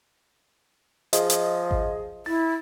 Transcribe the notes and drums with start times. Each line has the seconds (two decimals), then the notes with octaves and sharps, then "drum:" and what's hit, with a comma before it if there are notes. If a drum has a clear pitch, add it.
1.13 F3 G#4 D#5, drum: hi-hat
1.30 drum: hi-hat
1.71 drum: kick G#1
2.26 E4 A6